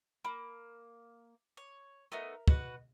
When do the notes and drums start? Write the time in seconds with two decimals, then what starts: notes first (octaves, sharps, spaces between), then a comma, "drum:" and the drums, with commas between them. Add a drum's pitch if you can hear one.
0.25 A#3 B5
1.57 C#5
2.12 A3 B3 D#4 A#4 E5
2.48 F#4 B4 D#5 F#5, drum: kick